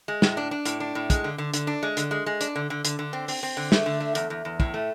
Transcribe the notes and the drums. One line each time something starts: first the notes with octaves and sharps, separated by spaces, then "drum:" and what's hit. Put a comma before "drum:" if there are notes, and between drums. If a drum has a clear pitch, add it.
G#3
A2, drum: snare
D4
D4
A2, drum: hi-hat
D4
A2
G#3, drum: kick, hi-hat
D3
D3
D3, drum: hi-hat
D4
G#3
D3, drum: hi-hat
G#3
G#3
D4, drum: hi-hat
D3
D3
D3, drum: hi-hat
D3
C4
C4, drum: open hi-hat
C4
D3
A3, drum: snare
D3
A3
E2, drum: hi-hat
E2
E2
A2, drum: kick
A3